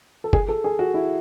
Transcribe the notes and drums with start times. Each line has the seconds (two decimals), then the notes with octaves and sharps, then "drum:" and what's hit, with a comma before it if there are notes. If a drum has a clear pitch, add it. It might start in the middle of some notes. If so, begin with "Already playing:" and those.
0.24 A4
0.33 G#4, drum: kick
0.49 A4
0.64 G#4
0.79 F#4
0.94 E4